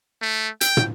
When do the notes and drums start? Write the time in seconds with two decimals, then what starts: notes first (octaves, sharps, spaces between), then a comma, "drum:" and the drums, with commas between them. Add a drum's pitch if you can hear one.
0.22 A3
0.61 G5, drum: hi-hat
0.77 drum: tom